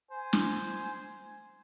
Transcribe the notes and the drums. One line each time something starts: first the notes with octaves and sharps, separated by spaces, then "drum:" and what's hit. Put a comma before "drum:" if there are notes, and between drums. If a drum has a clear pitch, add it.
C5 G#5
drum: snare